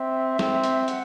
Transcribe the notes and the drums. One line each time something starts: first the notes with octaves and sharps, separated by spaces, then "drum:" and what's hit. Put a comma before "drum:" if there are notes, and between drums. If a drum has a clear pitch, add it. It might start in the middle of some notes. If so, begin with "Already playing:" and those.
Already playing: C4 E5
C4, drum: snare
drum: hi-hat
F#5, drum: hi-hat